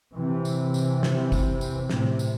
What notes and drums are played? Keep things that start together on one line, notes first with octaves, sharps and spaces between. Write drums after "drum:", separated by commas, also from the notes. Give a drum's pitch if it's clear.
C3 E3
drum: tambourine
drum: tambourine
drum: snare
drum: kick, tambourine
drum: tambourine
A2 C3, drum: snare
drum: tambourine